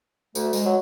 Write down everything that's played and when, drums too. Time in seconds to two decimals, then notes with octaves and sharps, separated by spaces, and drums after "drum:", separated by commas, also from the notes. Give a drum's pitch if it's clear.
0.35 D2 A3, drum: tambourine
0.53 G#3, drum: tambourine
0.66 F#3